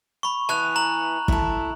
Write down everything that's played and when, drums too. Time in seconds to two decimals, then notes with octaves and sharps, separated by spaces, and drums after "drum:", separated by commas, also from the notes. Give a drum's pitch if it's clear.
0.23 B5 C#6
0.49 E3 B3 A5 F#6 F7
0.76 A#5 F#7
1.28 E4 A4, drum: kick